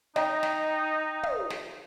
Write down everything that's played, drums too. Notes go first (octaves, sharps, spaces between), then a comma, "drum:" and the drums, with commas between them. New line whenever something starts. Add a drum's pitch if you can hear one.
D#4 D#5 G5 A#5, drum: snare
drum: snare
drum: tom
drum: snare